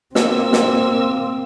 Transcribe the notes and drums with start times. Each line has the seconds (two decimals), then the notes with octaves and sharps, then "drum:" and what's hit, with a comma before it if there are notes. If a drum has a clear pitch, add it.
0.15 A#3 C4 E6, drum: snare
0.53 drum: snare